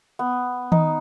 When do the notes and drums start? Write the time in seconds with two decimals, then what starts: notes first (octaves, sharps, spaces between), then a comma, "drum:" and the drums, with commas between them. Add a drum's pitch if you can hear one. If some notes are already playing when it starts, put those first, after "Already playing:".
0.19 B3
0.72 D#4, drum: tom D#3